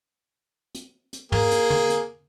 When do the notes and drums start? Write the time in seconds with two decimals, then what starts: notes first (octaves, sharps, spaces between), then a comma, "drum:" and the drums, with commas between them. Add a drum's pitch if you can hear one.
0.75 drum: hi-hat
1.13 drum: hi-hat
1.32 A#3 G#4, drum: tom
1.51 drum: hi-hat
1.70 drum: tom
1.90 drum: hi-hat